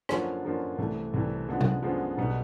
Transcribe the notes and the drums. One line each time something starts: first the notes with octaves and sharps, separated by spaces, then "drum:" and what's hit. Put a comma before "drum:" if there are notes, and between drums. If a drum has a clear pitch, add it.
F#2 D3 F3 A#3 C#4, drum: rim click
F#2 D3 F3 A#3 C#4
C2 C3 E3 A3
C2 C3 E3 A3
F#2 D3 F3 G#3 B3
drum: tom C3
F#2 D3 F3 G#3 B3
B1 B2 G3 B3 D#4